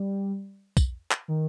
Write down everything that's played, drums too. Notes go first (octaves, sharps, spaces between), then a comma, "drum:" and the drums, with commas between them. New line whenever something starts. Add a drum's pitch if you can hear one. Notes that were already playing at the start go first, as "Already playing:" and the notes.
Already playing: G3
drum: kick, tambourine
drum: clap
D#3